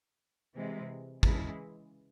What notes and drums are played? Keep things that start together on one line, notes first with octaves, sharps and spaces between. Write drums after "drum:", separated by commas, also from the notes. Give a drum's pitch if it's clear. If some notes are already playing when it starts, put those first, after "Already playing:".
C3 E3 G#3
C#3 E3 G#3 E4, drum: kick